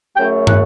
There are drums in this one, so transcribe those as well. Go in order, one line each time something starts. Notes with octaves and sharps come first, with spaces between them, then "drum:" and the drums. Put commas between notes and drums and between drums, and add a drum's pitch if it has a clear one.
F#2 C#3 F#3 A3 G5
F#5, drum: tom